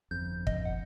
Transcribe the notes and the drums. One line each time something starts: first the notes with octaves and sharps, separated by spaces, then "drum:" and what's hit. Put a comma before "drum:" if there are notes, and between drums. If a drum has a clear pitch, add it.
G1 F2 G6
D#5, drum: kick
F#5